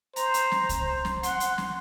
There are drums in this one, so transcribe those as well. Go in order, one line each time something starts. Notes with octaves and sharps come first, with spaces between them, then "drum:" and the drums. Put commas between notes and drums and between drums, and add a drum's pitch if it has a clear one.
C5 A#5, drum: hi-hat
drum: hi-hat
drum: snare
drum: kick C2, hi-hat
C5
drum: snare
F#5 C6, drum: hi-hat
drum: hi-hat
drum: snare